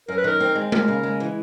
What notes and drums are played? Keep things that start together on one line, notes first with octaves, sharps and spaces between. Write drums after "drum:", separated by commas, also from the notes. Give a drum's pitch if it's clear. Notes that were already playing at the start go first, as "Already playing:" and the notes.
F#2 A#4
B4
D#3 A#4
C4
G#3
D#2 A#4, drum: tom G#3
C#3
G#3
E3